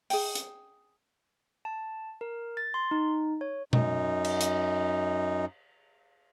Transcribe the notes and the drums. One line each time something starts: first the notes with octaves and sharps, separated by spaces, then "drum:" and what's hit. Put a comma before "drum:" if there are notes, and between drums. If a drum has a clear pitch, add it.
G#4 G5, drum: open hi-hat
drum: hi-hat
A5
A#4
A6
C6
D#4
C#5
F#2 D#4, drum: tom B2
drum: cymbal
drum: hi-hat